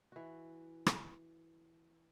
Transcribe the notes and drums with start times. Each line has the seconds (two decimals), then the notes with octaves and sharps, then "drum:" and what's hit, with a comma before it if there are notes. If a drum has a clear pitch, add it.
0.12 E3 F#4
0.86 drum: rim click